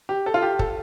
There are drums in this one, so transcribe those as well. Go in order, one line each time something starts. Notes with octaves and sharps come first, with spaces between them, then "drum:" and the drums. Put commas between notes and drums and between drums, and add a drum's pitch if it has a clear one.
G4
A4
F4
G4
A4, drum: kick